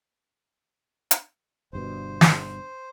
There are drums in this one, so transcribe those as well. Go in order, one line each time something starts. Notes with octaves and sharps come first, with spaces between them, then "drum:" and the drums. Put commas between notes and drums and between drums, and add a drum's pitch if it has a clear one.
drum: hi-hat
G1 G2 B2 C5
drum: snare